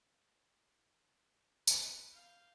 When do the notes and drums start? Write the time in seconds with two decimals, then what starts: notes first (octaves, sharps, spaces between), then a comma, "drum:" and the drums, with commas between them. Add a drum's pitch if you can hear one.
1.67 B4, drum: tambourine
2.10 F5 G6